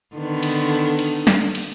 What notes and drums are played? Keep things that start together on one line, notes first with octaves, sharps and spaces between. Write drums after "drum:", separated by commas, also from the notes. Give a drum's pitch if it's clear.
D3 D#3 B3
drum: cymbal
drum: cymbal
drum: snare
drum: cymbal